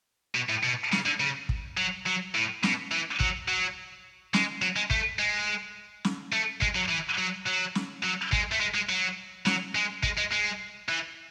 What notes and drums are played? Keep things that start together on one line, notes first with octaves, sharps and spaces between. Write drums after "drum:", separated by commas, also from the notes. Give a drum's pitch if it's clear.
B2
A2
B2
C#3, drum: snare
D3
C#3
drum: kick
F#3
F#3
A2
B2, drum: snare
E3
F#3, drum: kick
F#3
G#3, drum: snare
F#3
G#3
A3, drum: kick
G#3
drum: snare
A3
G#3, drum: kick
F#3
E3
F#3
F#3
drum: snare
F#3
G#3, drum: kick
A3
G#3
G#3
F#3
F#3, drum: snare
G#3
G#3, drum: kick
G#3
G#3
E3